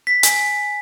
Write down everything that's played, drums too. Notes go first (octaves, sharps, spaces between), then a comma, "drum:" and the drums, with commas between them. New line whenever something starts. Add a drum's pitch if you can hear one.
B6
G#5, drum: hi-hat